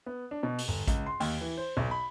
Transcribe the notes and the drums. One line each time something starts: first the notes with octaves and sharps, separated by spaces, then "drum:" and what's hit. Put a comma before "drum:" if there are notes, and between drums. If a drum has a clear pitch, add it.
B3
D4
B2
drum: open hi-hat
G1
C#2, drum: kick A1, hi-hat
C6
D#2, drum: open hi-hat
E3
C5
B1
B5